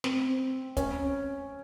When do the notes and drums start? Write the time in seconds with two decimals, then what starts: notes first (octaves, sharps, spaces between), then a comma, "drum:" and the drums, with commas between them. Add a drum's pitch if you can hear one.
0.04 C4, drum: snare
0.77 C#4, drum: kick, hi-hat